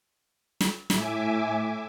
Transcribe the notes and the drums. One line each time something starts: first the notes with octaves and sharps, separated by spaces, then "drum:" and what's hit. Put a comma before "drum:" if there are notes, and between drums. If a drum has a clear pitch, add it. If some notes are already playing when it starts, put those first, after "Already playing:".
drum: snare
A2 E5 G#5 D6, drum: snare